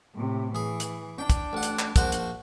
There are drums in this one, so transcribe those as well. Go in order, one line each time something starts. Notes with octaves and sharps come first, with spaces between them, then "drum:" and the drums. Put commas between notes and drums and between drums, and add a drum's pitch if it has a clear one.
A2 C3
E3 G#4
drum: hi-hat
D4 G5
drum: kick, hi-hat
A1 F#5
drum: hi-hat
drum: clap
A#1 F#4 C5, drum: kick, hi-hat
drum: hi-hat